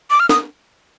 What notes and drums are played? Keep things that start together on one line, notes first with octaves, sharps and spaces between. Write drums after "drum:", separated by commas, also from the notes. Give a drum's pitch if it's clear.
D6
F6
D#6, drum: snare